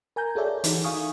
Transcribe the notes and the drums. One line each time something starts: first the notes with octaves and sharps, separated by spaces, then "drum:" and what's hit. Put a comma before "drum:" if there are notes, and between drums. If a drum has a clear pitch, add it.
A#4 G#5 A#5 G6
F#4 G#4 A4 C#5 D5 E5
E3 D#4 F#4, drum: hi-hat
F5 G#5 C#6 D#6